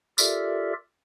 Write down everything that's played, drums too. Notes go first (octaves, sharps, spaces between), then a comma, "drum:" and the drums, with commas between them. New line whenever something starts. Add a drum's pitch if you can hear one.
F4 G4 A4 A#4 D5 E5, drum: tambourine